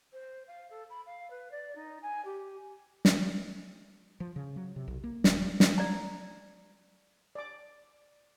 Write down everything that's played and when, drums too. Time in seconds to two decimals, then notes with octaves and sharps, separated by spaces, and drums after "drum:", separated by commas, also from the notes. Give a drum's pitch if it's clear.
0.13 C5
0.47 F5
0.70 A4
0.90 B5
1.06 F5
1.30 B4
1.51 D5
1.75 D#4
2.02 G#5
2.25 G4
3.05 drum: snare
4.20 F3
4.36 C#3
4.56 F#3
4.76 C3
4.88 B1
5.04 A#3
5.24 D#1, drum: snare
5.60 drum: snare
5.78 D5 A#5
7.35 D5 D6